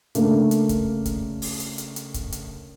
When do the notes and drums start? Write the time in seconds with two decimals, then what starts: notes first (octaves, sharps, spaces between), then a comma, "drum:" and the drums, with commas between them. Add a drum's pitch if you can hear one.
0.15 C#3 A3 A#3 D4, drum: hi-hat
0.51 drum: hi-hat
0.69 drum: kick, hi-hat
1.06 drum: kick, hi-hat
1.42 drum: open hi-hat
1.60 drum: hi-hat
1.78 drum: hi-hat
1.96 drum: hi-hat
2.14 drum: kick, hi-hat
2.32 drum: hi-hat